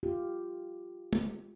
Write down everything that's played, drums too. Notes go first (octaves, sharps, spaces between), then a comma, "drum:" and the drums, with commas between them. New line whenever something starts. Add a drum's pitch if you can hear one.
F4 G4
drum: tom